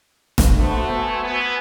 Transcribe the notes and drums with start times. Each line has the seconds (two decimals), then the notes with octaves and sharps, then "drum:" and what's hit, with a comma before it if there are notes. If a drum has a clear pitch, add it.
0.38 drum: snare E1
0.57 A3 B3 F#4 C5
0.95 G#5 E6
1.23 B3